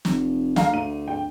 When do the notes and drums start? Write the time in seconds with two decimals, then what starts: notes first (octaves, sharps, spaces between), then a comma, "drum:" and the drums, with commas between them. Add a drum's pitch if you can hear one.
0.05 F1, drum: snare
0.56 D2 F5 A#5, drum: snare
0.74 D2 D#7
1.08 G5